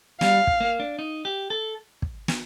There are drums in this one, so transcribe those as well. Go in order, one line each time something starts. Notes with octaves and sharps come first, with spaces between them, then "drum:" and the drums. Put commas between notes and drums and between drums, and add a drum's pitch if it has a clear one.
G3 F5, drum: snare
drum: kick
A#3
D4
D#4
G4
A4
drum: kick
drum: snare